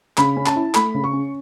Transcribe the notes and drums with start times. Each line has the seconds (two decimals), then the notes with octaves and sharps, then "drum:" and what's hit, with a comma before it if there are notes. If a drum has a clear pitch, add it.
0.18 C#3 B5, drum: clap
0.36 C#4
0.46 A5, drum: clap
0.56 E4
0.75 A3 B5, drum: clap
0.94 C#3
1.04 C#6
1.13 C#4